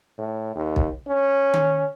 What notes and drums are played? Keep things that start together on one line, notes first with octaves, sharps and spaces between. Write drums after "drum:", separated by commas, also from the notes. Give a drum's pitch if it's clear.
A2
D#2
drum: kick
C#4
drum: tom D#3